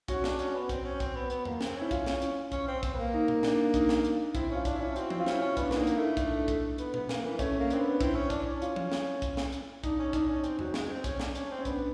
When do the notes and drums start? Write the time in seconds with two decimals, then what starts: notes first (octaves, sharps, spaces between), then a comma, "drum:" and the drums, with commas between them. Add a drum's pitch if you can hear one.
0.08 C#4 F#4, drum: kick, hi-hat
0.24 D4, drum: snare
0.39 C#4, drum: hi-hat
0.55 B3
0.69 C4, drum: kick, hi-hat
0.85 C#4
1.00 C4, drum: kick, hi-hat
1.15 B3
1.30 B3, drum: hi-hat
1.45 A#3, drum: tom E2
1.61 C4, drum: snare
1.76 C#4 E4
1.91 F4, drum: kick, hi-hat
2.06 drum: snare
2.22 drum: hi-hat
2.52 C#4, drum: kick, hi-hat
2.68 C4
2.83 C4, drum: kick, hi-hat
2.93 B3
2.98 A#3
3.13 D#4
3.28 drum: tom A#2
3.43 D4, drum: snare
3.74 D#4, drum: kick, hi-hat
3.89 drum: snare
4.04 drum: hi-hat
4.35 C4 E4, drum: kick, hi-hat
4.50 C#4
4.55 F4
4.65 D4, drum: kick, hi-hat
4.75 E4
4.80 C#4
4.96 C4 F#4, drum: hi-hat
5.10 C4, drum: tom F3
5.20 F4
5.26 C#4 E4, drum: snare
5.41 C#4
5.57 B3 D4, drum: kick, hi-hat
5.71 B3, drum: snare
5.76 A#3 D#4
5.87 drum: hi-hat
5.97 A3 E4
6.17 D4, drum: kick, hi-hat
6.48 drum: kick, hi-hat
6.78 B3, drum: hi-hat
6.94 B3, drum: tom A#2
7.09 A#3, drum: snare
7.24 E3
7.39 A3 C#4, drum: kick, hi-hat
7.60 A#3
7.70 C4 D4, drum: hi-hat
7.80 B3
8.01 C4 E4, drum: kick, hi-hat
8.15 C#4
8.30 D4, drum: kick, hi-hat
8.45 C#4
8.62 F4, drum: hi-hat
8.76 drum: tom F3
8.92 drum: snare
9.22 drum: kick, hi-hat
9.37 drum: snare
9.52 drum: hi-hat
9.84 D4 D#4, drum: kick, hi-hat
9.98 C#4
10.13 D4 D#4, drum: kick, hi-hat
10.29 C#4
10.44 C4, drum: hi-hat
10.59 F#3, drum: tom E2
10.74 G#3, drum: snare
10.89 C4
11.04 C#4, drum: kick, hi-hat
11.20 D4, drum: snare
11.35 C#4, drum: hi-hat
11.50 C4
11.59 C#4
11.65 B3 D4, drum: kick, hi-hat